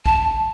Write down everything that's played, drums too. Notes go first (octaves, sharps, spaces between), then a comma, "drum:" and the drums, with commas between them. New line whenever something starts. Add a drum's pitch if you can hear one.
A5, drum: kick